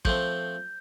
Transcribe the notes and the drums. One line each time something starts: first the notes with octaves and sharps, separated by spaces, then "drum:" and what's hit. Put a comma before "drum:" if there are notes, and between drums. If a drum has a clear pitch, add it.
F3 A3 C4 G6, drum: kick